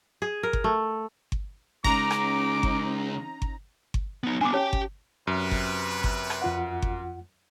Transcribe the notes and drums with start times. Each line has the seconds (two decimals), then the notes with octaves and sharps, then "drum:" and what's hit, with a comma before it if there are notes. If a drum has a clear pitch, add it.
0.22 G#4
0.43 A#4
0.53 drum: kick G1
0.64 A3
1.32 drum: kick G1
1.84 C#3 G#3 C#4 D#4 A#5 D6, drum: kick G1
2.11 drum: rim click
2.63 drum: kick G1
3.42 drum: kick G1
3.94 drum: kick G1
4.24 B3 D#4
4.41 B3 D4 G#5 C6 D6
4.53 C#4 G4 C#5 G5 A5
4.73 drum: kick G1
5.27 F#2 C3 B4
5.51 drum: kick G1
6.04 drum: kick G1
6.30 drum: rim click
6.42 F2 F4 F#5
6.82 drum: kick G1